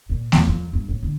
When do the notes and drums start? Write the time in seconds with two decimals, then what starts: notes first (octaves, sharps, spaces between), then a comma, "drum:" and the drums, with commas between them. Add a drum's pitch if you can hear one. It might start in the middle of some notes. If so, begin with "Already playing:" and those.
0.09 A#2
0.32 E2, drum: snare A3
0.47 F3
0.73 G2
0.89 A2
1.03 D3